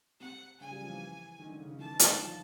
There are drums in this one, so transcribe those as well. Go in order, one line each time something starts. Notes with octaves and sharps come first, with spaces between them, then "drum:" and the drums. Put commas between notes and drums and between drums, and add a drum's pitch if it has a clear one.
C3 F#5
C#3 G#5
G3
F3
E3
D#3
D3
C#3
D#3
E3 A5
D#3
D3, drum: hi-hat
D#3
F3